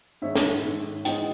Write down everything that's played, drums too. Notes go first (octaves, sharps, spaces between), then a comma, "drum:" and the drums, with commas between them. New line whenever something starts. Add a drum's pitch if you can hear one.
G#2 D#3 C#5 E5
drum: snare
G#2 D#3
G#2 E3 D#5 G5, drum: hi-hat